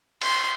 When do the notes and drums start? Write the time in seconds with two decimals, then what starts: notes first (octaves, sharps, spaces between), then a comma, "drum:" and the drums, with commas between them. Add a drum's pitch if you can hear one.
0.22 C6, drum: cymbal